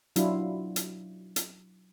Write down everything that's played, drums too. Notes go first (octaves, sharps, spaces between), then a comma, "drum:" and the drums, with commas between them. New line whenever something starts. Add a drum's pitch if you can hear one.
F#3 D4 E4 F4, drum: hi-hat
drum: hi-hat
drum: hi-hat